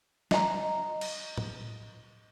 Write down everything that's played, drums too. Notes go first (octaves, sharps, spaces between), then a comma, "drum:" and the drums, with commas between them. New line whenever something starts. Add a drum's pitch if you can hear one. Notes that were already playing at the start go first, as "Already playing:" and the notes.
D#5 A#5, drum: snare
drum: cymbal
drum: tom A2